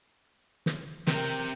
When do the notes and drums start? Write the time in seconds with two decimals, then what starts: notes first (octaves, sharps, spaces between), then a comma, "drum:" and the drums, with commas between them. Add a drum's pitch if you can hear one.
0.66 drum: snare
1.07 C3 A#4 G5, drum: snare